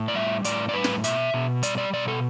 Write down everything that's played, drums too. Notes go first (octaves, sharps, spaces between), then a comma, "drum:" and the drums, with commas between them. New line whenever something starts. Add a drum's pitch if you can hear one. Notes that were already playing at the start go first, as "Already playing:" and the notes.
Already playing: A2
D5
G3 E5
A2 D5, drum: hi-hat
D5
G3 B4
drum: snare
B2 E5, drum: hi-hat
B2
G3 D5, drum: hi-hat
D5
B2 D5
A4